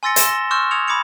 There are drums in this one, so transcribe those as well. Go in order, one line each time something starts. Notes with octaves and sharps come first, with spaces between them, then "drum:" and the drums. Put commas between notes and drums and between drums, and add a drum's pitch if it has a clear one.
G#5 C6 E6 A6 A#6 C#7
C6 E6 E7 G7, drum: hi-hat
A#6
C6 C#6 E6 F6 G6 E7
D#6 G#6 C#7 F7
B5 D6 G#6 C#7 F7